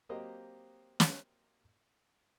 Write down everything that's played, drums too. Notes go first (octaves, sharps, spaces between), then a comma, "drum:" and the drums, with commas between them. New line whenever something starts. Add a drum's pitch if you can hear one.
F#3 A#3 C4 G4 D#5
drum: snare